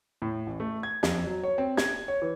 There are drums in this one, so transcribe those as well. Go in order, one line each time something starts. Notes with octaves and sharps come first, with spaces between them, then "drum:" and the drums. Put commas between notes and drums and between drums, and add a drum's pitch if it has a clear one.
A2
A1
A3
G#6
F2, drum: snare
F#3
C#5
C4
G#6, drum: snare
C#5
E3